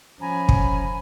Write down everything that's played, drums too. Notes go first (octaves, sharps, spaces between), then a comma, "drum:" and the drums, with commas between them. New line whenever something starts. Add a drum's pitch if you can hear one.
F3 C#4 G#5 A#5 B5
drum: kick